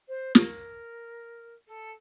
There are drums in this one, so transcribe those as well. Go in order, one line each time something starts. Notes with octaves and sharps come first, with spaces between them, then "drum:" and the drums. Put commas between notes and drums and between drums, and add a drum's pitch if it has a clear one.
C5
A#4, drum: snare
A4